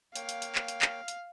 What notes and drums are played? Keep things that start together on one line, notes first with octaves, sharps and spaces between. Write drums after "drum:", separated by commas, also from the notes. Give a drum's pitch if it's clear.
A#3 C#5 F5 G5, drum: hi-hat
drum: hi-hat
drum: hi-hat
drum: clap
drum: hi-hat
drum: clap
drum: hi-hat